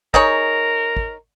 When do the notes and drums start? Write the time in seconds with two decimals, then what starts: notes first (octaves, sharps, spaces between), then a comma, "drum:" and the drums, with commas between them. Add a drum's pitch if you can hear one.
0.14 D#4 G#4 A#4 C#5, drum: kick
0.97 drum: kick